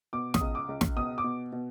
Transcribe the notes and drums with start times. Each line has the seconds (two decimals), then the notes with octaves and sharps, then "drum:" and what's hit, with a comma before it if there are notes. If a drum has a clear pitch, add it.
0.13 B2 D6
0.34 D#6, drum: snare
0.41 C#2
0.55 D6
0.69 C#2
0.81 drum: snare
0.96 B2 D#6
1.18 D6
1.24 B2
1.52 B2